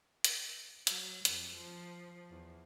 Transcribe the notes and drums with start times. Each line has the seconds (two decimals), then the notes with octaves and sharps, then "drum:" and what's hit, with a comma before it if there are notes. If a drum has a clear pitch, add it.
0.24 drum: hi-hat
0.87 F#3, drum: hi-hat
1.25 F2, drum: hi-hat
1.56 F3
2.30 E2